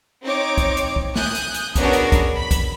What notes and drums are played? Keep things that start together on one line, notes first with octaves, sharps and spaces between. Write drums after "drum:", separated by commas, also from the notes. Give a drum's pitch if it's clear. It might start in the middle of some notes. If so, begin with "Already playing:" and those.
C4 D#4 C#5 D6
drum: kick, hi-hat
drum: hi-hat
drum: kick
G#5 D#6 F#6 G6, drum: snare
drum: hi-hat
drum: hi-hat
B3 C#4 D4 F#4 G#4 A#4, drum: kick, hi-hat
drum: hi-hat
drum: kick, hi-hat
B5
drum: kick, hi-hat